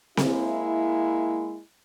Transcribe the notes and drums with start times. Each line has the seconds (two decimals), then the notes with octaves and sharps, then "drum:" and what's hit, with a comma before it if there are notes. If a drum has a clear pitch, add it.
0.17 G#3 A#3 E4, drum: snare C4